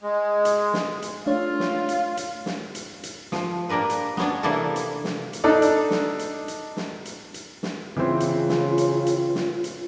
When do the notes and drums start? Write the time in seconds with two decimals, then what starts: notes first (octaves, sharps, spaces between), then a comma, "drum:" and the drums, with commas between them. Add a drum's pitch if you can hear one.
0.03 G#3
0.45 drum: hi-hat
0.74 drum: snare
1.02 drum: hi-hat
1.26 A3 D4 F4 C#5
1.60 drum: snare
1.89 drum: hi-hat
2.17 drum: hi-hat
2.46 drum: snare
2.75 drum: hi-hat
3.03 drum: hi-hat
3.32 F3, drum: snare
3.69 A#3 D4 G4 A#4 B4
3.90 drum: hi-hat
4.17 B3 C#4 D4, drum: snare
4.43 C3 E3 A#3 D4 E4 A4
4.76 drum: hi-hat
5.04 drum: snare
5.33 drum: hi-hat
5.44 D4 D#4 A4 D5
5.62 drum: hi-hat
5.91 drum: snare
6.19 drum: hi-hat
6.48 drum: hi-hat
6.77 drum: snare
7.05 drum: hi-hat
7.34 drum: hi-hat
7.63 drum: snare
7.97 C#3 E3 C4 F4
8.20 drum: hi-hat
8.49 drum: snare
8.78 drum: hi-hat
9.06 drum: hi-hat
9.35 drum: snare
9.64 drum: hi-hat